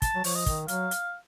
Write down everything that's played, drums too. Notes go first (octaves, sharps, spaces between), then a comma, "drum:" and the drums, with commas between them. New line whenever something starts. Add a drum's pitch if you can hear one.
A5, drum: kick, hi-hat
F#3
F3 C#5, drum: open hi-hat
D#5
D#3, drum: kick, hi-hat
F#3 F5, drum: hi-hat
drum: hi-hat